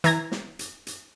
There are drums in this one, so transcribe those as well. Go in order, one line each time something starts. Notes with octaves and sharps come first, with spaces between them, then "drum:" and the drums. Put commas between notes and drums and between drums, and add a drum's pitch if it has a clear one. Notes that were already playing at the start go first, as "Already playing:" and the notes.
E3 A#5 G#6 A#6, drum: hi-hat
drum: snare
drum: hi-hat
drum: hi-hat